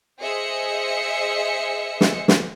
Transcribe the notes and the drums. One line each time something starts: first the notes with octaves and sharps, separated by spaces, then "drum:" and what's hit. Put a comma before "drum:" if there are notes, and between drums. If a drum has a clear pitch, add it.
G#4 C5 D#5 E5 C#7
drum: snare
drum: snare